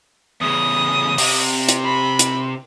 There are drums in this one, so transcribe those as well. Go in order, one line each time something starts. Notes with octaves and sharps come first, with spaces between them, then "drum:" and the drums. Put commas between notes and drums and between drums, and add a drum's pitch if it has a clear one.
E2 C#3 D#6
C3, drum: open hi-hat
drum: hi-hat
B5
drum: hi-hat